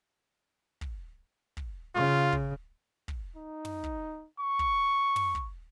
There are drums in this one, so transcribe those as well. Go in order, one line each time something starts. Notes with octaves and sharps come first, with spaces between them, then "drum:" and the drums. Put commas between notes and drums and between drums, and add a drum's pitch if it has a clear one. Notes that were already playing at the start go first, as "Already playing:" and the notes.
drum: kick
drum: kick
C#3 F4
drum: kick
drum: kick
D#4
drum: tom
drum: kick
C#6
drum: kick
drum: tom
drum: kick